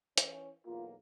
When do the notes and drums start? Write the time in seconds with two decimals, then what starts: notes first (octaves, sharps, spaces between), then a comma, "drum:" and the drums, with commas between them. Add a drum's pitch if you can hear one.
0.18 E3 C#4, drum: hi-hat
0.66 B1 E2 A#3 F4